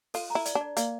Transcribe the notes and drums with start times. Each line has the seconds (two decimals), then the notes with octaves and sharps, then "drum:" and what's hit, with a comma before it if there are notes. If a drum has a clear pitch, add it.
0.14 F4 A4, drum: open hi-hat
0.30 A#5
0.35 E4
0.46 D5, drum: hi-hat
0.55 D4
0.61 D5
0.77 A#3 D5, drum: hi-hat